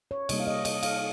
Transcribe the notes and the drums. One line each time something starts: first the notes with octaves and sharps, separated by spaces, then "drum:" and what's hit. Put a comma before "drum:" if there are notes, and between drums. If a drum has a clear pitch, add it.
C#5
C3 G3 A#3 D#5, drum: cymbal
F5
D#5
D#5, drum: cymbal
F5, drum: cymbal